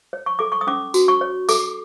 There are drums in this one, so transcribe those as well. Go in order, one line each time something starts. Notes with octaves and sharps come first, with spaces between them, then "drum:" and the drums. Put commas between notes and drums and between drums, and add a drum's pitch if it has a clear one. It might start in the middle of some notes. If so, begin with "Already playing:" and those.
C#5
C#6
A4 D6
C#6
D#6
C#4 D6
F#4, drum: tambourine
C#6
C#5
A4 D6, drum: tambourine